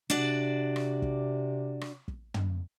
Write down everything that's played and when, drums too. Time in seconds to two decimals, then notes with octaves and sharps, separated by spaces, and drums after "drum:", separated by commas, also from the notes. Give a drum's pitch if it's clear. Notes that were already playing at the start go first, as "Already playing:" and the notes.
0.10 C3 D4 F#4 D5
0.76 drum: rim click
1.02 drum: kick
1.81 drum: rim click
2.08 drum: kick
2.34 drum: tom